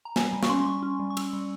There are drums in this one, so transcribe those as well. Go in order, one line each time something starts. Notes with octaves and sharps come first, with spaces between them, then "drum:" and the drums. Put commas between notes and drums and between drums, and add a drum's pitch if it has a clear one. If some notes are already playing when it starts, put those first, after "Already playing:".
A#5
G3 G#5, drum: snare
G3
C#6, drum: snare
C#4 C6
G3 C#6
C#4
G3
C#6
C#4 E6, drum: cymbal
G3